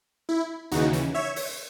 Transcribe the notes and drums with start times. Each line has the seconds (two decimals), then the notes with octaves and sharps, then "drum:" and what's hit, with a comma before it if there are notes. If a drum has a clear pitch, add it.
0.29 E4
0.71 D#2 C#3 E3 D#4 F#4, drum: hi-hat
0.93 drum: hi-hat
1.14 C#5 E5
1.36 drum: open hi-hat